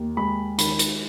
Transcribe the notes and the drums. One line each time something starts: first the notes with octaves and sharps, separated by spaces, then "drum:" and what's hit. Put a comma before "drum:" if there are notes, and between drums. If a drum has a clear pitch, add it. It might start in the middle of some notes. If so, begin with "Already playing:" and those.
Already playing: D#2
G#3 B5
D#3 B5, drum: hi-hat
drum: hi-hat